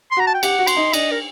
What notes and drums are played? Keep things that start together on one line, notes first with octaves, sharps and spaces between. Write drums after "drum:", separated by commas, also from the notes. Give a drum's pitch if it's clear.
C6
F#4 A#5
A5
G5
G4 F#5, drum: cymbal
F#4
C6, drum: cymbal
D#4
D4 D#5, drum: cymbal
A#4